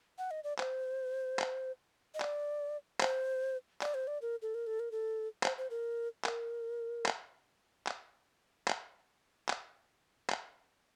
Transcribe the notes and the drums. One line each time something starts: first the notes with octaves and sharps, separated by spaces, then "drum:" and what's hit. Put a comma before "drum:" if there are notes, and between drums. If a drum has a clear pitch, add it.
F#5
D#5
D5
C5, drum: clap
drum: clap
D#5
D5, drum: clap
C5, drum: clap
D5, drum: clap
C5
D5
A#4
A4
A#4
A4
A#4
A4
C5, drum: clap
C5
A#4
A#4, drum: clap
drum: clap
drum: clap
drum: clap
drum: clap
drum: clap